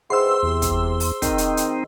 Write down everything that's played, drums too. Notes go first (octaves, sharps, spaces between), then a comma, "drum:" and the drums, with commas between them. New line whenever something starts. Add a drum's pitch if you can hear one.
D#3 E3 B3 G#4 C5 C6 E6
E2 C3
drum: kick, hi-hat
drum: open hi-hat
D#3 C4 D#4, drum: kick, hi-hat
drum: hi-hat
drum: hi-hat